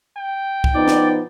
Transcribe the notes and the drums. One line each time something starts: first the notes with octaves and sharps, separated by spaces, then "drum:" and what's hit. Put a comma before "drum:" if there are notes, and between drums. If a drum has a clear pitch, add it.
G5
drum: kick C2
F3 B3 D#4 D5
drum: snare